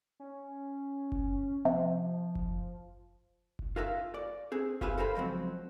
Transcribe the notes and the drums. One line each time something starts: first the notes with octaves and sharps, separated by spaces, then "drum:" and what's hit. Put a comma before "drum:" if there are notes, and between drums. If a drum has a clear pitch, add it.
C#4
drum: kick F#1
C3 F3
drum: kick F#1
drum: kick F#1
F4 A#4 E5 F5
D5
C4 G#4
F4 G4 G#4 B4 E5 F5, drum: kick F#1
A4 A#4 C5 F5 G5 B5
C#2 F3 F#3 C4